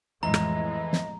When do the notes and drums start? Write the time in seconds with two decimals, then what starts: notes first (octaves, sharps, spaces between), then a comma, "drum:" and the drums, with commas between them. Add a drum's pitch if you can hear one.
0.23 F2 A2 E3 G#3 D#5 A#5
0.34 drum: rim click
0.93 drum: snare